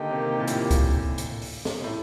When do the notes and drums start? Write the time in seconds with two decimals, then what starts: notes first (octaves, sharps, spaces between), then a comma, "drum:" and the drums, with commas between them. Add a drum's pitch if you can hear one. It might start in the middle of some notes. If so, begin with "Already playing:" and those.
Already playing: D3 D#3 A#3 D#4 G4
0.11 C3
0.39 A#2
0.47 A2, drum: hi-hat
0.71 drum: kick C2, hi-hat
1.18 drum: hi-hat
1.42 drum: open hi-hat
1.65 drum: snare
1.84 A2